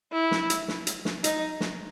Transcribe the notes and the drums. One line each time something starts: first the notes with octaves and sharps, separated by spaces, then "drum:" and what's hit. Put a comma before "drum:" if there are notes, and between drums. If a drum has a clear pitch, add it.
E4
drum: snare
drum: hi-hat
drum: snare
drum: hi-hat
drum: snare
D#4, drum: hi-hat
drum: snare